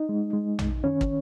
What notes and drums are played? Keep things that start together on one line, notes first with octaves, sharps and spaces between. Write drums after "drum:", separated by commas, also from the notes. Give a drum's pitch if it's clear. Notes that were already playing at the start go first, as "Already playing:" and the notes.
Already playing: D#4 D#5
G#3
G#3
F#2, drum: tom A#1
D#3 C#4 C#5
drum: kick